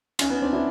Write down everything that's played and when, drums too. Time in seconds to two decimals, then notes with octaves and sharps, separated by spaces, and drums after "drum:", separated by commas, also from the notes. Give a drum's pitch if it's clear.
0.19 C#4 D#4, drum: cymbal
0.30 B3 C#4
0.42 C4 D4
0.52 D4 E4